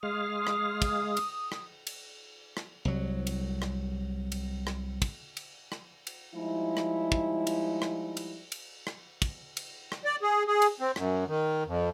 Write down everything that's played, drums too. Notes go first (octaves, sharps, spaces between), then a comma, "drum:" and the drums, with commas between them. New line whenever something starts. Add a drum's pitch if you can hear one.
G#3 F5 D#6
drum: rim click
drum: kick, cymbal
drum: cymbal
drum: rim click
drum: cymbal
drum: rim click
C2 F#3
drum: cymbal
drum: rim click
drum: cymbal
drum: rim click
drum: kick, cymbal
drum: cymbal
drum: rim click
drum: cymbal
F3 G3 G#3 D#4 E4
drum: rim click
drum: kick
drum: cymbal
drum: rim click
drum: cymbal
drum: cymbal
drum: rim click
drum: kick, cymbal
drum: cymbal
drum: rim click
D5
G#4
G#4
drum: cymbal
C4
F#2, drum: rim click
D#3
F2